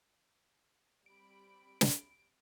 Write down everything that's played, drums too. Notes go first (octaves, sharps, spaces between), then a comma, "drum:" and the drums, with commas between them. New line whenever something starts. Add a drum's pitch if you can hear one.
G3 C4 B5 D7
drum: snare